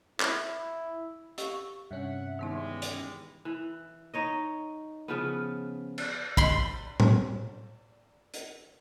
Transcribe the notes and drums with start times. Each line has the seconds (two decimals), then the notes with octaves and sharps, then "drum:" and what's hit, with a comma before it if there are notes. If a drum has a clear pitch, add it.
0.20 E4, drum: clap
1.38 G4 F5 C#6, drum: hi-hat
1.91 G2 C3 C#4 E5 F#5
2.39 D#3 E3 G3 G#3 B3 D#4
2.82 drum: hi-hat
3.45 E3
4.14 D#4 C#5 D#5
5.08 C#3 F3 B3
5.98 drum: cymbal
6.37 B5 C6, drum: kick
7.00 drum: tom A2
8.34 drum: hi-hat